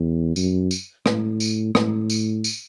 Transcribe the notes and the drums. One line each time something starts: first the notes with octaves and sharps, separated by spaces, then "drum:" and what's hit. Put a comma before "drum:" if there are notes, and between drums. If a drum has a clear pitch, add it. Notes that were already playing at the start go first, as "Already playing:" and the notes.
Already playing: E2
F#2, drum: tambourine
drum: tambourine
A2, drum: rim click
drum: tambourine
A2, drum: rim click
drum: tambourine
drum: tambourine